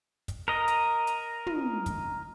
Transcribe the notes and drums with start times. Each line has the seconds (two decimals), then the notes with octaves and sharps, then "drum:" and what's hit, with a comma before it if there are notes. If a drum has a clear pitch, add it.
0.28 drum: kick, hi-hat
0.48 A#4 D#5
0.68 drum: hi-hat
1.07 drum: hi-hat
1.47 drum: tom
1.86 drum: kick, hi-hat